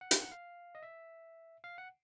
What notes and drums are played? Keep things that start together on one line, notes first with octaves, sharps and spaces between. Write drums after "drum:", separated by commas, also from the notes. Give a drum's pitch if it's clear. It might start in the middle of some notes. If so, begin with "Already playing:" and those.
F#5
G5, drum: hi-hat
F#5
F5
D#5
E5
F5
F#5